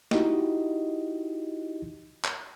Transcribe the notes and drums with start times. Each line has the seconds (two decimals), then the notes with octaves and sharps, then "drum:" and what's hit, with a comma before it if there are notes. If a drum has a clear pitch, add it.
0.11 D#4 E4 F#4 G4 D#5, drum: snare
2.24 drum: clap